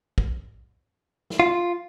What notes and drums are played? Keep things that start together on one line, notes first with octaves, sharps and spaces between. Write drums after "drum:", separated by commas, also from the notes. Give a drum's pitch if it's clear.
drum: kick
drum: snare
F4